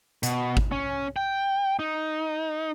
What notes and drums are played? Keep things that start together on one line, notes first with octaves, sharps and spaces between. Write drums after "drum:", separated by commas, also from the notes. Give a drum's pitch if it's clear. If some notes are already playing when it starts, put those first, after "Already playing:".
B2, drum: hi-hat
drum: kick G#1
C#4
G5
D#4